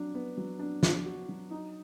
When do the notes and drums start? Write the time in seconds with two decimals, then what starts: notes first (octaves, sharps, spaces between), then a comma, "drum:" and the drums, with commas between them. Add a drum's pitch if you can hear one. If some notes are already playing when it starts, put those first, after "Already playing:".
Already playing: F#3 D4
0.14 B3
0.38 F#3
0.59 D4
0.83 D4, drum: snare
1.05 F#4
1.29 F#3
1.51 D#4